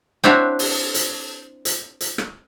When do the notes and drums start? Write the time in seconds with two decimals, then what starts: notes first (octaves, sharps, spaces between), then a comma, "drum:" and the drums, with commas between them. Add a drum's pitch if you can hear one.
0.24 C4 D4 E4 F#4 C#5
0.59 drum: open hi-hat
0.94 drum: hi-hat
1.65 drum: hi-hat
2.01 drum: hi-hat
2.18 drum: rim click